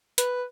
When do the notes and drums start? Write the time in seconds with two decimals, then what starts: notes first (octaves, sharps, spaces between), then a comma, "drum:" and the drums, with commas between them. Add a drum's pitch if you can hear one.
0.18 B4, drum: hi-hat